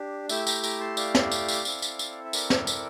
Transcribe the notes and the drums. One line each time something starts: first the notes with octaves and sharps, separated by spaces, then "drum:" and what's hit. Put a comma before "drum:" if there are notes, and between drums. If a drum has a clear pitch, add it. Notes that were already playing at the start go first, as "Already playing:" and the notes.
Already playing: D4 G4
A3 E4 G4 E5 G5, drum: tambourine
G5 A#5, drum: tambourine
A#5 D6, drum: tambourine
A5 C6
D5 F5, drum: tambourine
drum: snare
drum: tambourine
drum: tambourine
C4 E4 A4, drum: tambourine
drum: tambourine
drum: tambourine
E5
A#4 D5, drum: tambourine
drum: snare
drum: tambourine